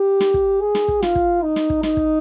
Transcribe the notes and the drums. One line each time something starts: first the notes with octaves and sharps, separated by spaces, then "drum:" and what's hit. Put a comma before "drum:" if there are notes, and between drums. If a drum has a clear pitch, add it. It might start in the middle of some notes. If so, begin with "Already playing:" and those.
Already playing: G4
drum: snare
drum: kick
G#4
drum: snare
drum: kick
F4, drum: snare
drum: kick
D#4
drum: snare
drum: kick
D#4, drum: snare
drum: kick